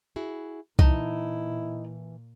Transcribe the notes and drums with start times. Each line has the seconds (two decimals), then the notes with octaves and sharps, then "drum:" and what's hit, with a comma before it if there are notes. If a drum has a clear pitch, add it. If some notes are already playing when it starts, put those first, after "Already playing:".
0.16 E4 F#4 G#4
0.79 A#2 E3 D#4 E4 A5, drum: kick C2